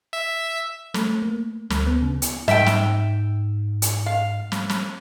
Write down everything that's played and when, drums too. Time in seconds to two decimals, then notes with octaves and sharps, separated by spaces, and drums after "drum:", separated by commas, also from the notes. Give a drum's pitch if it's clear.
0.13 E5
0.94 A3, drum: snare
1.22 A#3
1.70 D2, drum: snare
1.87 B3
2.02 C#3
2.22 drum: hi-hat
2.48 G#2 E5 G5, drum: snare
2.66 drum: snare
3.82 drum: hi-hat
4.06 F5
4.52 drum: snare
4.69 drum: snare